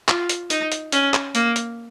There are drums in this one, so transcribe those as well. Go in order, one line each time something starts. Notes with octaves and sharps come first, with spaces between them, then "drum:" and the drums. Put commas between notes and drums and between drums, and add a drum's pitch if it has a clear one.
F4, drum: clap
drum: hi-hat
D#4, drum: hi-hat
drum: hi-hat
C#4, drum: hi-hat
drum: clap
A#3, drum: hi-hat
drum: hi-hat